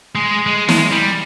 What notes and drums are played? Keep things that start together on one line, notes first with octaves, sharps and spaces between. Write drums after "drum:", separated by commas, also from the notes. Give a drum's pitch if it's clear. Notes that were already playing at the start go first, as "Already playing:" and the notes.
G#3
G#3
G#3, drum: snare
G3